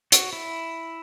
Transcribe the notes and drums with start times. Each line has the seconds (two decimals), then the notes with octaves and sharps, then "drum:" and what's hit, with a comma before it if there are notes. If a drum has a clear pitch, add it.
0.12 F#4, drum: hi-hat
0.33 E4